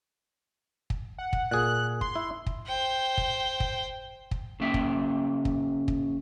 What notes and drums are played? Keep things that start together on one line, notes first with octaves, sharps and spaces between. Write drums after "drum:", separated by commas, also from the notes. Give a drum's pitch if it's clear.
drum: kick
F#5
drum: kick
A#2 G#4 F#6
C6, drum: kick
E4
drum: kick
C5 G5
drum: kick
drum: kick
drum: kick
C#3 A#3 E5 G5
drum: kick
drum: kick
drum: kick